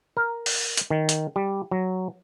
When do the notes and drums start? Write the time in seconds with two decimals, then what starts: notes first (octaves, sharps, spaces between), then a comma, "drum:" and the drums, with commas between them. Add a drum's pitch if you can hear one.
0.17 A#4
0.46 drum: open hi-hat
0.77 drum: hi-hat
0.90 D#3
1.09 drum: hi-hat
1.36 G3
1.71 F#3